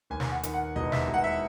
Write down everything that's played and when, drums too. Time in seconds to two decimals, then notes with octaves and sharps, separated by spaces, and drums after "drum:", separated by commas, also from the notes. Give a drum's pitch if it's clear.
0.10 D#2 G#5
0.20 drum: snare
0.31 F#5
0.43 D#3, drum: hi-hat
0.54 F#5
0.76 E1 D#5
0.92 E5, drum: snare
1.08 E1
1.14 F#5
1.24 E5